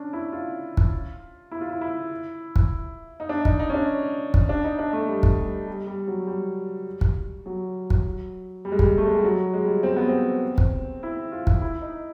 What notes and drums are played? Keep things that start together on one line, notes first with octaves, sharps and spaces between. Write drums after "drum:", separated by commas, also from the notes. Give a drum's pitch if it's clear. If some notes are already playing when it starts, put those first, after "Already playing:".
Already playing: C#4 D4
E4
F4
drum: kick
E4
F4
E4
E4
drum: kick
D#4
D4
D#4, drum: kick
D#4
C#4
D4
drum: kick
D4
D#4
D4
A3
G3
drum: kick
G3
G3
G3
F#3
G3
drum: kick
F#3
drum: kick
G3
G#3
G3, drum: kick
A3
G#3
G3
F#3
G#3
G3
C4
B3
C4
drum: kick
E4
F4
drum: kick
E4
D#4